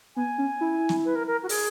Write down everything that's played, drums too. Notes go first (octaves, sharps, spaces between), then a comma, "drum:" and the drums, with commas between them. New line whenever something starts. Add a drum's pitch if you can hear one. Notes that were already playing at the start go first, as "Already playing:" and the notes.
B3 G#5
C#4
E4
drum: snare
B4
A#4
A#4
F#4
G#4, drum: open hi-hat